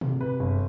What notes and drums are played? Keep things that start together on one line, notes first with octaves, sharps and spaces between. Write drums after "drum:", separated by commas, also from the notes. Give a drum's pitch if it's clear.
C3, drum: tom
C3 B4
G1